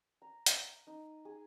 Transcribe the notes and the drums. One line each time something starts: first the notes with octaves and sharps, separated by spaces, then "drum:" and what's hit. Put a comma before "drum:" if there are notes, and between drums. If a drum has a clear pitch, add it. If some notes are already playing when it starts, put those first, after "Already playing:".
A#5
drum: hi-hat
D#4
G#4